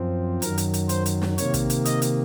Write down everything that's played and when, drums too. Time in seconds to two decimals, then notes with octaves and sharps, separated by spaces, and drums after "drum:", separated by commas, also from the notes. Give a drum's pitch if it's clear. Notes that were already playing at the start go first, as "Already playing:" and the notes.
Already playing: F#2 F3 C4
0.42 F#2 D#3 F#3 A#4, drum: hi-hat
0.58 drum: hi-hat
0.74 drum: hi-hat
0.89 C5, drum: hi-hat
1.06 drum: hi-hat
1.22 drum: snare
1.38 C3 D#3 A#3 C#5, drum: hi-hat
1.54 drum: kick, hi-hat
1.70 drum: hi-hat
1.85 D#5, drum: hi-hat
2.02 drum: hi-hat